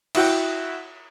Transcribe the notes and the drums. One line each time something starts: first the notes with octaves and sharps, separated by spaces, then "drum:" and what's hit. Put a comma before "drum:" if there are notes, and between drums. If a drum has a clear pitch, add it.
E4 F#4 F#5 G5, drum: cymbal